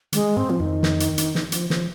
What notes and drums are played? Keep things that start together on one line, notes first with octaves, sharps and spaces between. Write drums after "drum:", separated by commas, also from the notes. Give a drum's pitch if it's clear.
D#3 G#3, drum: hi-hat
G#2 C4
F3
F2 D#3
drum: snare
drum: hi-hat
drum: hi-hat
drum: snare
F3, drum: hi-hat
F3, drum: snare